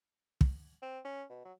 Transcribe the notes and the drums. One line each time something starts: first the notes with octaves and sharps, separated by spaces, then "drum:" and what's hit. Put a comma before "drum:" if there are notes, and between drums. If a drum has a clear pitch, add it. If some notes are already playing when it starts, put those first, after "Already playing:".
drum: kick
C4
C#4
B2
F#3